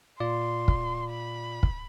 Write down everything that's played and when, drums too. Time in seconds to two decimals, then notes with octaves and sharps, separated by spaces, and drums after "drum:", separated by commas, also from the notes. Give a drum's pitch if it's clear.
0.20 A#2 F4 D5 C6
0.68 drum: kick
1.11 B5
1.63 drum: kick